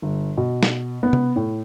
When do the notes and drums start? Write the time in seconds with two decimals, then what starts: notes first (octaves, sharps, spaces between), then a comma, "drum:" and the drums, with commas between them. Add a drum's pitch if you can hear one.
0.02 G1
0.37 B2
0.63 drum: snare
1.03 B3
1.13 drum: tom C3
1.36 A2